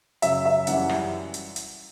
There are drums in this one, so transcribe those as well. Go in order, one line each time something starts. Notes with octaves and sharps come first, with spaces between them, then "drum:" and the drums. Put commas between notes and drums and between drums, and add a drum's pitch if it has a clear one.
F#2 C#3 F#3 E5, drum: hi-hat
E5
F#2 E3 G3 F#5, drum: hi-hat
drum: rim click
drum: hi-hat
drum: hi-hat